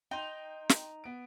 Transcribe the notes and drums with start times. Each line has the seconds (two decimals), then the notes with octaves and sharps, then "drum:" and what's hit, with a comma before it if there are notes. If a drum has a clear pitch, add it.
0.11 D#4 G5 C6
0.69 drum: snare
1.04 B3 D7